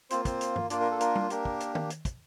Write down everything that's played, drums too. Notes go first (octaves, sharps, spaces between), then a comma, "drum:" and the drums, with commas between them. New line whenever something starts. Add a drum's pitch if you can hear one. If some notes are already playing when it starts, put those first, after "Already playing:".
A#3 C4 F4 C5, drum: hi-hat
C4 C5, drum: kick, hi-hat
drum: hi-hat
drum: tom
A#3 D4 F4 D5, drum: hi-hat
A#4
A4
A#4, drum: hi-hat
drum: tom G3
A#3 D4 G4 A#4, drum: hi-hat
drum: kick
drum: hi-hat
drum: tom
drum: hi-hat
drum: kick, hi-hat